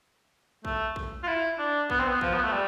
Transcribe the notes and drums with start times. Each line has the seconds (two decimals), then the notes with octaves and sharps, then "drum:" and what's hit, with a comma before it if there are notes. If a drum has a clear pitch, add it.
0.65 A3, drum: kick
0.96 drum: kick
1.23 F4
1.27 E4
1.59 D4
1.90 B3, drum: kick
1.99 C4
2.08 B3
2.21 F3, drum: kick
2.34 B3
2.43 A3
2.52 G3